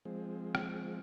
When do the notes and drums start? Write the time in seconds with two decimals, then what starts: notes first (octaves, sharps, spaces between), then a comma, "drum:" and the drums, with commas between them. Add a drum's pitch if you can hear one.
0.05 F3 G#3 C4
0.55 drum: rim click